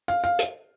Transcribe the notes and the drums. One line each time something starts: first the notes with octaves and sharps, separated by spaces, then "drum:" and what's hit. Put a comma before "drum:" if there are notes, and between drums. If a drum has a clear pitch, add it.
F5
F5
drum: hi-hat